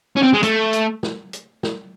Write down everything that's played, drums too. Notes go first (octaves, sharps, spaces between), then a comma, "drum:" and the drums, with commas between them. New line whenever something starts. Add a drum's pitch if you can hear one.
C#4
C4
G#3
A3, drum: hi-hat
drum: hi-hat
drum: snare
drum: hi-hat
drum: snare